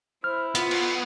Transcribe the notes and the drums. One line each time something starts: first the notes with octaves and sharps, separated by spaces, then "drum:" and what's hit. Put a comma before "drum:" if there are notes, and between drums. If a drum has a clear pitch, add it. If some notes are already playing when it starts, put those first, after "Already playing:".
E4 C5 F6
B3 F4, drum: hi-hat
drum: cymbal